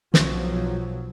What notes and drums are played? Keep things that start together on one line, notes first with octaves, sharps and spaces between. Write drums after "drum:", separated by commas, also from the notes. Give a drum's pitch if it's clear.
B1 F3 F#3, drum: snare